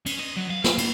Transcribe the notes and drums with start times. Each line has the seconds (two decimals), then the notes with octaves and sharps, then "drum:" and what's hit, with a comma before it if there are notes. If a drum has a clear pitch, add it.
0.06 C#4, drum: cymbal
0.19 D#5
0.37 F#3
0.51 F5
0.64 F5, drum: snare
0.78 A#3, drum: cymbal